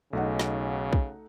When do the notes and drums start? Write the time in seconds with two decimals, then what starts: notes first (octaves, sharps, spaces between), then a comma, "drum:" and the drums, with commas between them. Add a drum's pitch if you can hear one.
0.13 B1 C#3 A3 D#4 F#5
0.39 drum: snare
0.93 drum: kick